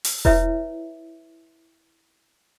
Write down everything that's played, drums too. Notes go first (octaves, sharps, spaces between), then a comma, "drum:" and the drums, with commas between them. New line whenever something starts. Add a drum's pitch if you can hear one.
drum: open hi-hat
E4 B4 C#5 E5, drum: kick E1